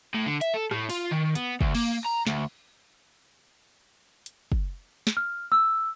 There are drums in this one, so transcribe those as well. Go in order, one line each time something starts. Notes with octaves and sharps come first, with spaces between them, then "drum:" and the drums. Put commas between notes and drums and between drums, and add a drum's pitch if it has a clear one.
A2
D3
E5, drum: hi-hat
A4
A2, drum: rim click
F4, drum: open hi-hat
D#3
B3, drum: hi-hat
D2, drum: kick
A#3, drum: cymbal
A#5
D2, drum: snare
drum: hi-hat
drum: kick
drum: snare
F6
E6